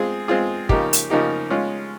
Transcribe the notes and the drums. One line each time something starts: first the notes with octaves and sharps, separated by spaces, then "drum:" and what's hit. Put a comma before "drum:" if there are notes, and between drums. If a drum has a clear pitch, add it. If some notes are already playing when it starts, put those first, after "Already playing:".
Already playing: G#3 C4 F4 G#4
G#3 C4 F4 G#4
C#3 F3 A#3 D#4 G4, drum: kick
drum: hi-hat
C#3 F3 A#3 D#4 G4
G#3 C#4 F4